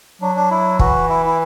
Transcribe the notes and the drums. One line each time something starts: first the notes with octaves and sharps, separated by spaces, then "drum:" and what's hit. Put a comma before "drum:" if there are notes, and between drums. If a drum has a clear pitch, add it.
F#3 D4
D4
E4
E3 F#4, drum: kick
E4
E4